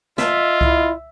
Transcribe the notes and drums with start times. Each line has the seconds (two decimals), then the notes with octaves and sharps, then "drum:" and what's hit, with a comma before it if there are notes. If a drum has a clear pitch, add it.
0.18 F4 D#5 E5, drum: snare
0.61 E4, drum: kick C2